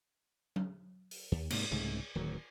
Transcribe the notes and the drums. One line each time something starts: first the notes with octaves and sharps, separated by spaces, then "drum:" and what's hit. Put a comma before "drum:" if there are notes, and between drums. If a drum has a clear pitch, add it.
drum: tom F#3
drum: open hi-hat
D#2
G#2 C3 A#3, drum: cymbal
C2 G#2 C#3 A3
D1 D#3 F#3